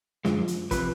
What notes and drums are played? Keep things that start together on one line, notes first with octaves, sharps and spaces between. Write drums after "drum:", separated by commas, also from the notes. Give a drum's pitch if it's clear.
F#2 D3 F3 G#3, drum: snare
drum: hi-hat
C3 F3 B4, drum: kick, hi-hat